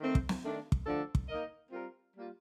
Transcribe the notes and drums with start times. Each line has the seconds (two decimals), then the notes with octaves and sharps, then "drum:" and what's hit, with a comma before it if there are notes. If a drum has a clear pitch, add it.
0.01 D#3 A3 C4
0.15 drum: kick
0.29 drum: snare
0.44 D#3 A3 D4
0.72 drum: kick
0.86 D3 F3 A3 D4 A4
1.15 drum: kick
1.29 A#3 D#4 A#4 D#5
1.71 G3 C4 F4 A#4
2.14 G3 A#3 F4